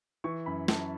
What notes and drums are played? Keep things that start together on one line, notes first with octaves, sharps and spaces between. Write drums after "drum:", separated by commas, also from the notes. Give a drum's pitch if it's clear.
E3 C#6
F#2 B5
F#2 A5, drum: snare